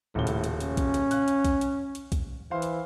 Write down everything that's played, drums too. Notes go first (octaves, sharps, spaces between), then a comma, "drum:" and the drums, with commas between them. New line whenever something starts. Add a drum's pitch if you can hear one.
D#1 A2 C#3 G7
drum: hi-hat
drum: hi-hat
C#4, drum: hi-hat
drum: kick B1, hi-hat
drum: hi-hat
F5 F#6, drum: hi-hat
drum: hi-hat
drum: kick B1, hi-hat
drum: hi-hat
drum: hi-hat
drum: kick B1, hi-hat
E3 C5 F5 C6
drum: hi-hat